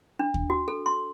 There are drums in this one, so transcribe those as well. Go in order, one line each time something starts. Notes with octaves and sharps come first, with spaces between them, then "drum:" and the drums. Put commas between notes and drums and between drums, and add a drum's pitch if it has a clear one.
D4
drum: kick D#2
F#4
A4
C6